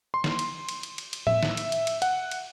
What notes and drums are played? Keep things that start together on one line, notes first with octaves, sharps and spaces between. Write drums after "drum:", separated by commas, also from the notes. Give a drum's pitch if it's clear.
C6
drum: snare
drum: cymbal
drum: cymbal
drum: cymbal
drum: cymbal
drum: cymbal
E5, drum: tom A2
drum: snare
drum: cymbal
drum: cymbal
drum: cymbal
F#5, drum: cymbal
drum: cymbal